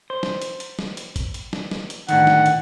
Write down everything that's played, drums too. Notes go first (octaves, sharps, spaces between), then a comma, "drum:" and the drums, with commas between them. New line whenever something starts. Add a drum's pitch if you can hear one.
C5
drum: snare
drum: hi-hat
drum: hi-hat
drum: snare
drum: hi-hat
drum: kick, hi-hat
drum: hi-hat
drum: snare
drum: snare
drum: hi-hat
A2 D3 D#3 F#5, drum: hi-hat
drum: snare
drum: hi-hat